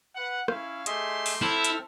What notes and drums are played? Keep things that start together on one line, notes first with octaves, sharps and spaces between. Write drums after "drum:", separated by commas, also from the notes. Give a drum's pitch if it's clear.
B4 F#5
C#4 E4 F5, drum: rim click
A3 G4 G#4 D#5 E5 C6, drum: hi-hat
drum: open hi-hat
C4 E4 A4 F6
drum: hi-hat